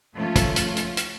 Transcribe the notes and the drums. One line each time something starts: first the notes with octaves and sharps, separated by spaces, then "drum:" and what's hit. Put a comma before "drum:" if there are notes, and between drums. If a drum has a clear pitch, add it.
F3 A3 C#4 F4 A4
drum: kick, hi-hat
drum: hi-hat
drum: hi-hat
drum: hi-hat